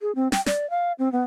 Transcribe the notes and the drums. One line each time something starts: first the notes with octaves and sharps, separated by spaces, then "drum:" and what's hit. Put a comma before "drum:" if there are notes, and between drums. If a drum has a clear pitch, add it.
G#4
C4
G5, drum: snare
D5, drum: snare
F5
C4
B3